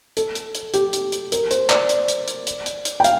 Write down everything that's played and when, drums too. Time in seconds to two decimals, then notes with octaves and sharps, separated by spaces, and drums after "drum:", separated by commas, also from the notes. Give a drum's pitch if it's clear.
0.17 A4, drum: hi-hat
0.35 drum: hi-hat
0.55 drum: hi-hat
0.74 G4, drum: hi-hat
0.93 drum: hi-hat
1.12 drum: hi-hat
1.32 A#4, drum: hi-hat
1.51 C5, drum: hi-hat
1.70 D5, drum: clap
1.89 drum: hi-hat
2.08 drum: hi-hat
2.28 drum: hi-hat
2.47 drum: hi-hat
2.66 drum: hi-hat
2.85 drum: hi-hat
3.00 G5
3.04 F5, drum: hi-hat